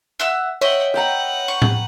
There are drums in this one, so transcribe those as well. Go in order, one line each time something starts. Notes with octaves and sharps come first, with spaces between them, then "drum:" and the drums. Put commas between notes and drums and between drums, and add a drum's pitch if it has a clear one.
E5 F#5 E6
C#5 D#5 E5 F#5 G5
B4 F#5 G5 A#5
C#6
drum: tom A2